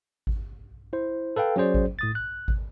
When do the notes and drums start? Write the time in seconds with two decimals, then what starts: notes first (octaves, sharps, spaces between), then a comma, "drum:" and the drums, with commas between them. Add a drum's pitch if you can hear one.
0.27 drum: kick G#1
0.93 E4 C5
1.36 A4 B4 F5 G5
1.56 F#3 C#4 G#4 C5 D5
1.74 drum: kick G#1
1.99 A2 D#6 A6
2.15 F#6
2.48 drum: kick G#1